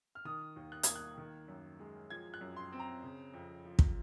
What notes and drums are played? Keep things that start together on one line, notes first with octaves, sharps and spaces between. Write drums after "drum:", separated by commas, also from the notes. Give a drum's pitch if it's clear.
F6
D#3 D#6
D#2
F#6
A#3 G#6, drum: hi-hat
F#6
D#3
F#2
G#3
F3 G#6
F#6
F#2
C6
C4
A#5
C#3
F2
F3
drum: kick